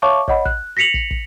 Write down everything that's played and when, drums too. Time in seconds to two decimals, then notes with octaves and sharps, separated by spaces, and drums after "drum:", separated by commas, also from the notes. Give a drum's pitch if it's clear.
0.02 C#5 E5 F5 A5 C#6 D6
0.28 C#5 D#5 F#5 B5, drum: kick
0.45 F#6, drum: kick
0.77 A#6 B6 C#7 F7 F#7
0.94 drum: kick
1.11 drum: kick